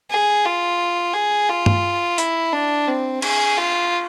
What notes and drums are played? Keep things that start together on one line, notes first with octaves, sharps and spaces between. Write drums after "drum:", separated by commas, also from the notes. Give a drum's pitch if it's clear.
G#4
F4
G#4
F4
drum: tom G2
E4, drum: hi-hat
D4
C4
G#4, drum: cymbal
F4